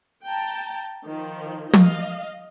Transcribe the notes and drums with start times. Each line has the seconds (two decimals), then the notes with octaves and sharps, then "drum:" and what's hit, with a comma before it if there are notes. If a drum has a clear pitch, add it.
0.25 G5 A5 A#5
1.06 D#3 F3
1.73 D#5 F5, drum: tom